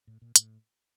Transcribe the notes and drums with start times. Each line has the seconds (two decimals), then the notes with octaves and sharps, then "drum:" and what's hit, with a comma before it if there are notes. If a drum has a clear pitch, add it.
0.07 A2
0.22 A#2
0.36 A2, drum: hi-hat